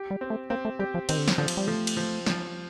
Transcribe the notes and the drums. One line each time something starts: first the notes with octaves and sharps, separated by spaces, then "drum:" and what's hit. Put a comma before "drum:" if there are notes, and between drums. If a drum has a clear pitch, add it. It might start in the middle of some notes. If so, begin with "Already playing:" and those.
Already playing: G4
G3
C4
A3
A#3 C4
A3
G3 G4
F3
D#3 C4, drum: cymbal
D3
D#3, drum: snare
D3 F3
drum: cymbal
G3
F3 A3
drum: cymbal
F3
F3, drum: snare